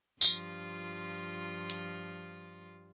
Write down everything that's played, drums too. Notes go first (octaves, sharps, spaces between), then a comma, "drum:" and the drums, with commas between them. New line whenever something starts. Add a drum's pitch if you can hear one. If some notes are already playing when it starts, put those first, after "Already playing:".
G2 F3 F4, drum: tambourine
drum: hi-hat